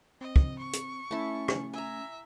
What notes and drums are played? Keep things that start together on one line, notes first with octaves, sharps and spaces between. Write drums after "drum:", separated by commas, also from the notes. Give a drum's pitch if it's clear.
C4 D#5
drum: kick
C#6
drum: hi-hat
A3 C#4 E4 A5
drum: rim click
E5 G#5 A#5